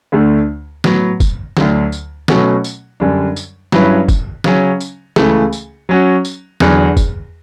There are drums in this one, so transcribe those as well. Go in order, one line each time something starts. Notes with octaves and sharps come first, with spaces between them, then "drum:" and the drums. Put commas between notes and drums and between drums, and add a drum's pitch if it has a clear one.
D2 D3 A3
A2 F#3 B3 F#4, drum: snare
drum: kick, tambourine
D2 D3 F#3, drum: snare
drum: tambourine
B2 F#3 A3 C#4 F#4, drum: snare
drum: tambourine
F#2 D3 G3 D4
drum: tambourine
G2 F#3 C#4 E4 B4, drum: snare
drum: kick, tambourine
C#3 F#3 C#4, drum: snare
drum: tambourine
C#2 C#3 E3 A3, drum: snare
drum: tambourine
F#3 C#4 F#4
drum: tambourine
E2 D3 F#3, drum: snare
drum: kick, tambourine